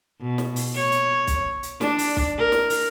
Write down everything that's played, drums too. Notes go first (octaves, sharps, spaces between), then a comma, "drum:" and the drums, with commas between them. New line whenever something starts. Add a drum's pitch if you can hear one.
B2
drum: snare
drum: open hi-hat
C#5
drum: hi-hat
drum: kick B1, hi-hat
drum: hi-hat
D4, drum: snare
drum: open hi-hat
drum: kick B1
A#4
drum: snare
drum: open hi-hat